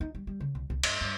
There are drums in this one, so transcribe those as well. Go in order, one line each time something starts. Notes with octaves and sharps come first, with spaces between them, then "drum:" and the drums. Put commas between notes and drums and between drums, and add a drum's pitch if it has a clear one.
D#4
G3
G3
C#3
C2
C2
G2, drum: cymbal
G2